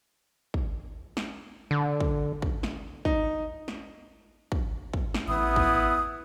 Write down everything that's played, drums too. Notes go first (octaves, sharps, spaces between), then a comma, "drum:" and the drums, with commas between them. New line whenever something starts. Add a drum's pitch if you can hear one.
drum: kick
drum: snare
D3
drum: kick
drum: kick
drum: snare
D#4, drum: kick
drum: snare
drum: kick
drum: kick
drum: snare
A1 B3 E4 D#6
drum: kick